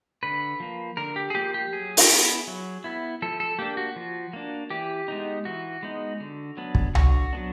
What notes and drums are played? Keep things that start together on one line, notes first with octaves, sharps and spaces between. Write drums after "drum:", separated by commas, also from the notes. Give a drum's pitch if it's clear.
D3 B4
F3 A#3
D3 A#4
G4
G#4
F3 A#3 G4
G4
F#3 G#4
drum: open hi-hat
B3 E4
F#3
B3 E4
F3 A4
A4
A#3 D4 G4
F#4
F3
A#3 D4
E3 G4
G#3 B3 D#4
E3 F#4
G#3 B3 D#4
D3
F#3 B3 D4
drum: kick
D3 F#4, drum: tom C2
F#3 B3 D4